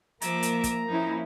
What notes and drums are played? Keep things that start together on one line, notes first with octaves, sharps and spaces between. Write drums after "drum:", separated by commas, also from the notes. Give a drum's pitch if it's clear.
F3 A#3 E5 A#5 D6, drum: hi-hat
drum: hi-hat
drum: kick, hi-hat
F3 C#4 D#4 E4